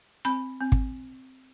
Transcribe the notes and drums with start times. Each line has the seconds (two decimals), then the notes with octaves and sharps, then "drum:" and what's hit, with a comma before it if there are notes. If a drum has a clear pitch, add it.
0.25 C4 B5
0.61 C4
0.72 drum: kick